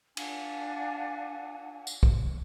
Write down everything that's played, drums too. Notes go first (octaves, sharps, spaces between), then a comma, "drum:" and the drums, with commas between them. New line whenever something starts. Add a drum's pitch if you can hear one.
D4 F5 F#5 G#5, drum: cymbal
drum: tambourine
drum: kick